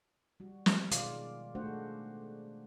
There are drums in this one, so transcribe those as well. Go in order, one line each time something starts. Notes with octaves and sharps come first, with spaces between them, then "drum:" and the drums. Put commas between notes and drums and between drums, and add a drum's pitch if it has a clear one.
G3 F#4
drum: snare
B2 D#3 G#3 F4 D5 F5, drum: hi-hat
G#3 A3 D4 F#4 C5 F#5